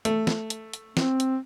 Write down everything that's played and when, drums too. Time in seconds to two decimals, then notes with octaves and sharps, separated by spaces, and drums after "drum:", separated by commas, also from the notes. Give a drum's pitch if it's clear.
0.05 A3, drum: hi-hat
0.27 drum: snare
0.50 drum: hi-hat
0.74 drum: hi-hat
0.97 C4, drum: snare
1.20 drum: hi-hat